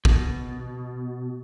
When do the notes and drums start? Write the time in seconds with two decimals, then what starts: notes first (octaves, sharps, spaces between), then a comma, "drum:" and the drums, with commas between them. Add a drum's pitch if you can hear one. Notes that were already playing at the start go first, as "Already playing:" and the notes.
0.05 B2, drum: kick